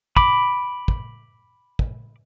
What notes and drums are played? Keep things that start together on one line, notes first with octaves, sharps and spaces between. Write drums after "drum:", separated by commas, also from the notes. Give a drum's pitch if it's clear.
B5 D6, drum: kick
drum: kick
drum: kick